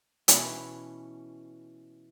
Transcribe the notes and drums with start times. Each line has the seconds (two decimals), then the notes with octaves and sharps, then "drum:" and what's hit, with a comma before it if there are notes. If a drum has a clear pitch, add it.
0.28 B2 E3 C#4 B4, drum: hi-hat